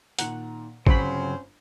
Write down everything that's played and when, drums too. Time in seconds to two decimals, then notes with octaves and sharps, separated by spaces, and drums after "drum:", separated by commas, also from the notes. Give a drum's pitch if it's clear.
0.19 A#2 D#3 F#5 A#5, drum: hi-hat
0.87 G1 C#3 F#3 C4 C#4 C5 B5 C6, drum: kick